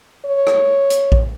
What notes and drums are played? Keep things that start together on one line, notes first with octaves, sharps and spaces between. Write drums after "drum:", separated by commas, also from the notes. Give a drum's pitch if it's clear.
C#5
drum: rim click
drum: hi-hat
drum: kick A#1